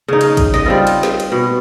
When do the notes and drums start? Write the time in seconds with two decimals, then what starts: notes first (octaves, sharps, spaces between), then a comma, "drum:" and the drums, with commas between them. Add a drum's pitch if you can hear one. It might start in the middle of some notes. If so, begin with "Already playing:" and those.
0.08 C#3 D#4
0.21 drum: cymbal
0.37 drum: kick, cymbal
0.54 D#5, drum: snare
0.66 G3 C4 F4
0.87 drum: cymbal
1.03 drum: snare
1.20 drum: cymbal
1.32 B2